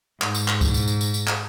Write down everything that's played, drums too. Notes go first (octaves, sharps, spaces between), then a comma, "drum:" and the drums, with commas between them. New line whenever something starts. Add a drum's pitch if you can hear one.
G#2, drum: clap
drum: tambourine
drum: clap
drum: kick C#2, tambourine
drum: tambourine
drum: tambourine
drum: tambourine
drum: tambourine
drum: clap